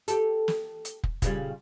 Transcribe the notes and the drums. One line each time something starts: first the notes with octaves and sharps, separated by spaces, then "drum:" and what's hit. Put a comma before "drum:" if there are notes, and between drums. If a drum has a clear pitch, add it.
G4 A4, drum: hi-hat
drum: snare
drum: hi-hat
drum: kick
A#2 C#3 G3, drum: kick, hi-hat